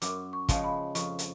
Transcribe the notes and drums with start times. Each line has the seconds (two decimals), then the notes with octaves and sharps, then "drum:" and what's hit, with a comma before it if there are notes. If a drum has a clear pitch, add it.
0.02 F#2 D6, drum: hi-hat
0.33 C#6
0.49 C#3 F3 G#3, drum: kick, hi-hat
0.64 B5
0.95 F2 C#6, drum: hi-hat
1.19 drum: hi-hat